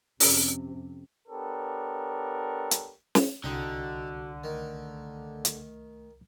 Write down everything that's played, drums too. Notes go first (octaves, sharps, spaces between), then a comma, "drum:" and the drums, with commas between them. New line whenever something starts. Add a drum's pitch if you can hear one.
F2 C3 C#4, drum: open hi-hat
B3 D4 G4 A4 A#4 C#5
drum: hi-hat
drum: snare
C2 D3 D#4 F#4 G5
D#3 A3
drum: hi-hat